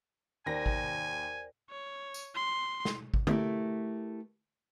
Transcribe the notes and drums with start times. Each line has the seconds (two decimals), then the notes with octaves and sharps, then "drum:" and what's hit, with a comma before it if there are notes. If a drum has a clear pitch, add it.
0.46 D#2 A#4 C5 D5 G#5 A#6
0.66 drum: kick G#1
1.70 C#5
2.14 drum: tambourine
2.35 C6
2.85 drum: snare
3.14 drum: kick G#1
3.27 A3 E4 G4 A#4, drum: tom D3